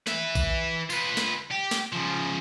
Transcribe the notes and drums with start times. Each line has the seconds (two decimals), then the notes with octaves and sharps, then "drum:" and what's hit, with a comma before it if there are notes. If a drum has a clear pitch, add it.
0.07 B4 E5, drum: snare
0.35 drum: kick, tambourine
0.90 F4 B4, drum: tambourine
1.17 drum: snare
1.51 G4
1.71 drum: snare
1.93 C#3 F3